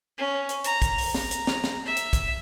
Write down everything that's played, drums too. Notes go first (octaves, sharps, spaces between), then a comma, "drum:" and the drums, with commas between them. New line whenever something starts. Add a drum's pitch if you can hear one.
C#4
drum: hi-hat
A#5, drum: hi-hat
drum: kick, hi-hat
drum: open hi-hat
A#5, drum: snare
drum: hi-hat
drum: snare
drum: snare
E5
drum: hi-hat
drum: kick, hi-hat